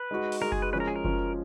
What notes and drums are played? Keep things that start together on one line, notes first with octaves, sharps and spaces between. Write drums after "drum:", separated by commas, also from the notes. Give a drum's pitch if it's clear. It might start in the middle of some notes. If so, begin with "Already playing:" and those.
Already playing: B4
G#3 D#4 F#4
drum: open hi-hat
G#3 D#4 F#4 A#4
G#4, drum: kick F#1
B4
F3 G#3 C#4 B4
A#4
G#4
A#4
F3 G#3 C#4, drum: kick F#1